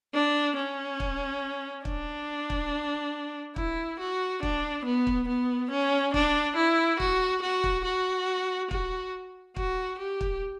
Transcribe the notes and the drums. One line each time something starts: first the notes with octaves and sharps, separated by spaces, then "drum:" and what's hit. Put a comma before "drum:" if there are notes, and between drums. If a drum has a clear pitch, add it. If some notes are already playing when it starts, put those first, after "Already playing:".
D4
C#4
drum: kick
D4, drum: kick
drum: kick
E4, drum: kick
F#4
D4, drum: kick
B3
drum: kick
B3
C#4
D4, drum: kick
E4
F#4, drum: kick
F#4
drum: kick
F#4
F#4, drum: kick
F#4, drum: kick
G4
drum: kick